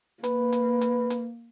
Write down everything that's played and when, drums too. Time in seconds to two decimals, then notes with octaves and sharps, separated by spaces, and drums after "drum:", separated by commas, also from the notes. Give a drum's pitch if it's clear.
0.24 A#3 B4, drum: hi-hat
0.53 drum: hi-hat
0.81 drum: hi-hat
1.10 drum: hi-hat